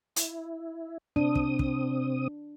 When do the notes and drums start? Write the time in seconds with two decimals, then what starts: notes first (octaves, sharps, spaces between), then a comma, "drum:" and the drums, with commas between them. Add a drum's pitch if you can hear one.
0.16 E4, drum: hi-hat
1.16 C3 C4 D4 D#6
1.35 drum: kick
1.59 drum: kick